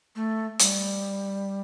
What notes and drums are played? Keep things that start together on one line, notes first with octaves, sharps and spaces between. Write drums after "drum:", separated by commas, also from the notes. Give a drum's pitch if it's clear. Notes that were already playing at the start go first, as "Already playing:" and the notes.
A3
G3, drum: hi-hat